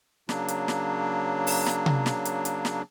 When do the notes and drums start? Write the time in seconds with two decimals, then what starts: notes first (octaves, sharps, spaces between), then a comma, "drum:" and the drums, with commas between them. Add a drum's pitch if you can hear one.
0.29 C#3 F#3 A#3 D4, drum: snare
0.48 drum: hi-hat
0.68 drum: snare
1.47 drum: open hi-hat
1.66 drum: snare
1.86 drum: tom C3
2.06 drum: snare
2.25 drum: hi-hat
2.45 drum: hi-hat
2.65 drum: snare